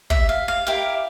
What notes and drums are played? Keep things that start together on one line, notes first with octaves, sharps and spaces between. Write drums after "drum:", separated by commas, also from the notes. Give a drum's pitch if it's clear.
E5, drum: kick
F5
F5
E4 G4 A#4 F5